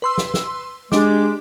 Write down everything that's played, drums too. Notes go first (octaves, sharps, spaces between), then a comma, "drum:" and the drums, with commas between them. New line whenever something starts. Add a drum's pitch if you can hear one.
B4 C6 E6
drum: snare
drum: snare
G#3 D4 G4 D6, drum: snare